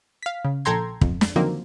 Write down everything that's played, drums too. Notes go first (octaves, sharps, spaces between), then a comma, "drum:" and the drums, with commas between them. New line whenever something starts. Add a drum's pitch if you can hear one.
F5 B6
C#3
A#1 A4 G5 A#5 C6 G#6
F2, drum: kick
drum: snare
D3 D#3 F3 F#3 A#3 C4